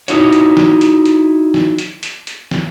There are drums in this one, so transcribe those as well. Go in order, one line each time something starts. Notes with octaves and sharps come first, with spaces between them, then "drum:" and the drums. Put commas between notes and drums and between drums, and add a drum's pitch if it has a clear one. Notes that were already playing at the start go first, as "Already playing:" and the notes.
D#4 E4 F#4 C#5, drum: hi-hat
drum: hi-hat
drum: snare
drum: hi-hat
drum: hi-hat
drum: snare
drum: hi-hat
drum: hi-hat
drum: hi-hat
drum: snare